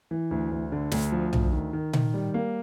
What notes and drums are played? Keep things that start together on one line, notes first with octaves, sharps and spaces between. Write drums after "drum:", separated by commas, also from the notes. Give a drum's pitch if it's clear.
E3
D2
D2
D3
D2, drum: snare
F3
D2, drum: tom B1
D#3
D#3
D#3, drum: tom A#2
G3
A#3